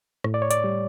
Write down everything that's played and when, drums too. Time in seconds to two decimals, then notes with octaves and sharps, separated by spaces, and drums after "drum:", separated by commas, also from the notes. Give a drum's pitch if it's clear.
0.24 A2, drum: rim click
0.34 D5
0.42 C#5
0.51 D5, drum: hi-hat
0.64 G3